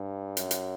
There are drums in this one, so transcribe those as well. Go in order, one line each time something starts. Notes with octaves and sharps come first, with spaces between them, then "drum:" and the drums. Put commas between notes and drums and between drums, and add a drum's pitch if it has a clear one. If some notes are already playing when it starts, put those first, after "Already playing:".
Already playing: G2
F#2, drum: hi-hat
drum: hi-hat